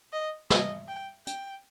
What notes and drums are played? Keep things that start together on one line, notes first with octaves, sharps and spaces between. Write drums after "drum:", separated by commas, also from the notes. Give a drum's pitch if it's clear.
D#5
D#5, drum: snare
G5
G5, drum: hi-hat